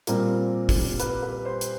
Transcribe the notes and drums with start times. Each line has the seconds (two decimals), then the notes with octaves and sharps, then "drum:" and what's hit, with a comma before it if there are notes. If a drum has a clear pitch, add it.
0.07 A#2 G3 C4 A#4, drum: hi-hat
0.69 drum: kick, open hi-hat
1.00 B4, drum: hi-hat
1.23 B4
1.45 C5
1.61 drum: hi-hat